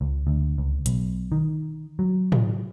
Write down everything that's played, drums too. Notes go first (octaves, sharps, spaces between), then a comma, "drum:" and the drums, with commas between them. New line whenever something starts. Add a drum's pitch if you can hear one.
C#2
D2
C#2
B1, drum: hi-hat
D#3
F#3
drum: tom